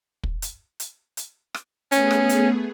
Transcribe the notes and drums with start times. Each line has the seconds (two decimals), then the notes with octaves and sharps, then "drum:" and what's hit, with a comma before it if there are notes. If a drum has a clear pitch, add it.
0.23 drum: kick
0.42 drum: hi-hat
0.80 drum: hi-hat
1.17 drum: hi-hat
1.54 drum: rim click
1.92 A3 B3 C#4 G#4, drum: hi-hat
2.11 drum: rim click
2.29 drum: hi-hat